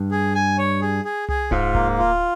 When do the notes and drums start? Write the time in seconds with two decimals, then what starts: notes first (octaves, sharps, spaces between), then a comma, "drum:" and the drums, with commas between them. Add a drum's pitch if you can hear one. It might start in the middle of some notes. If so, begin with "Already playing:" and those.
Already playing: G2
0.11 G#4
0.35 G#5
0.58 C#5
0.81 G#4
1.05 G#4
1.29 G#4, drum: tom C2
1.51 G#2 F4, drum: kick D1
1.75 A#3, drum: kick D1
1.98 F4